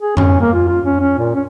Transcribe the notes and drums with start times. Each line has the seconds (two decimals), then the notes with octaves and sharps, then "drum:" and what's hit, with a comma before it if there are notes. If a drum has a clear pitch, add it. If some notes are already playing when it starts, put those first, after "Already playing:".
0.01 G#4
0.17 C#4, drum: tom F2
0.41 A#3
0.53 F4
0.68 F4
0.85 C#4
1.00 C#4
1.19 A#2
1.35 C#4